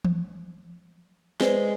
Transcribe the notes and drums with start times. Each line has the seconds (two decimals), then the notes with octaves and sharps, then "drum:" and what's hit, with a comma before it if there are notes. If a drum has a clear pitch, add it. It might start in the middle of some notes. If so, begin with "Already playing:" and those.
0.05 drum: tom E3
1.41 G#3 B4 C5 D5, drum: snare